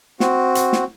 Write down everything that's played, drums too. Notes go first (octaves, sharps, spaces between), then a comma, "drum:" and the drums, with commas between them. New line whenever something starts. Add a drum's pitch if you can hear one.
C4 F#4, drum: snare
drum: hi-hat
drum: snare